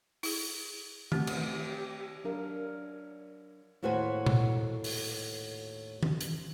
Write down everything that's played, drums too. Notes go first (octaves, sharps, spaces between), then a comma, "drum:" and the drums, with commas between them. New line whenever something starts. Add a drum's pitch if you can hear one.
E4 G#4, drum: open hi-hat
A3 C4 G4 F#5, drum: tom
drum: cymbal
A3
F#3 D4 A#4 F5
D#2 A2 F#4 B4 C5 G#5
drum: tom A#2
drum: open hi-hat
drum: tom
drum: hi-hat